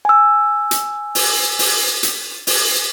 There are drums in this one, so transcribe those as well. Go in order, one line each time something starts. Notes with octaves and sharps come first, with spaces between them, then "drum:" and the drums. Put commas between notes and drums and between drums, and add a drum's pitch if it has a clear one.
G#5 E6
drum: hi-hat
drum: open hi-hat
drum: open hi-hat
drum: hi-hat
drum: open hi-hat